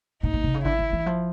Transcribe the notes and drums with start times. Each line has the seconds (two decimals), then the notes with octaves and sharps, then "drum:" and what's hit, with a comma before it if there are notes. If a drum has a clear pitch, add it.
0.23 A#2 D#4
0.33 A#2, drum: kick G#1
0.44 C3
0.54 C#3
0.65 D3 E4, drum: kick G#1
0.79 D#3
0.93 E3
1.06 F3